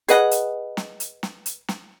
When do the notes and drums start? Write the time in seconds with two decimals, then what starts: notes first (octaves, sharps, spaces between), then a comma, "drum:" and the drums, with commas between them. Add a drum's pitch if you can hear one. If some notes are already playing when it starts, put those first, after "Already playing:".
0.09 G#4 B4 D#5 F#5, drum: hi-hat
0.31 drum: hi-hat
0.77 drum: snare
1.00 drum: hi-hat
1.23 drum: snare
1.46 drum: hi-hat
1.68 drum: snare